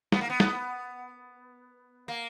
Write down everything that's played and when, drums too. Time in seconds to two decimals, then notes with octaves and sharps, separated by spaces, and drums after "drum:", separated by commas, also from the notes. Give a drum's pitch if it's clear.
0.12 B3, drum: snare
0.21 A#3
0.30 B3
0.40 drum: snare
2.08 A#3